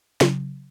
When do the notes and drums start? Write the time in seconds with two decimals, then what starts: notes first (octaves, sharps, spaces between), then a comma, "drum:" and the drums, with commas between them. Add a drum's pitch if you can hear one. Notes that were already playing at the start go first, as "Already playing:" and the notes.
0.21 C#3 F#3, drum: snare